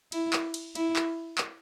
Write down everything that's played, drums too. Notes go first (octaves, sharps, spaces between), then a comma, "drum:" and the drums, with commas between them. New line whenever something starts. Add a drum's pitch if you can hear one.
E4, drum: cymbal
drum: clap
drum: cymbal
E4, drum: cymbal
drum: clap
drum: clap